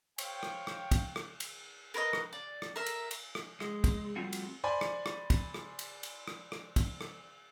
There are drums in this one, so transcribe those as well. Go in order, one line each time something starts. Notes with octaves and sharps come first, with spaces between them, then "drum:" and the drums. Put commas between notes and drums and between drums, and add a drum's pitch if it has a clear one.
C5 C#5 F5 G5, drum: cymbal
drum: rim click
drum: rim click
drum: kick, cymbal
drum: rim click
drum: cymbal
A#4 B4 C#5 D#5
drum: rim click
D5
drum: rim click
A#4 E5
drum: cymbal
drum: cymbal
drum: rim click
G#3, drum: rim click
drum: kick, cymbal
F3 G3 A3 C4 F4 F#4
drum: cymbal
C5 D5 G#5 B5 C6
drum: rim click
drum: rim click
drum: kick, cymbal
drum: rim click
drum: cymbal
drum: cymbal
drum: rim click
drum: rim click
drum: kick, cymbal
drum: rim click